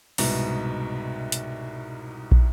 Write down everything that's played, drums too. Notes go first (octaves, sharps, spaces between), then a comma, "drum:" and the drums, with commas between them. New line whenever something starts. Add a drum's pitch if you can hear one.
C2 G#2 B2, drum: open hi-hat
drum: hi-hat
drum: kick